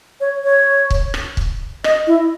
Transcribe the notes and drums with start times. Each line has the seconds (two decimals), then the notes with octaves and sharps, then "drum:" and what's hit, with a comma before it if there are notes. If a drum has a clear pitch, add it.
0.21 C#5
0.44 C#5
0.90 drum: kick
1.14 drum: rim click
1.37 drum: kick
1.84 D#5, drum: rim click
2.07 E4